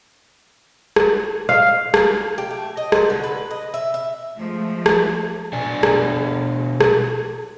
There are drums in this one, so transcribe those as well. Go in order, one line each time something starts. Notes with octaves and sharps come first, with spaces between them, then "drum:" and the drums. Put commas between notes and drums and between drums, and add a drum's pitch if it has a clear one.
drum: rim click
F5
drum: rim click
G4
A3
D#5
C5, drum: rim click
D3
B4
D#5
E5
E5
F3 G#3 A3
drum: rim click
B2 D4 D5 G#5
drum: rim click
drum: rim click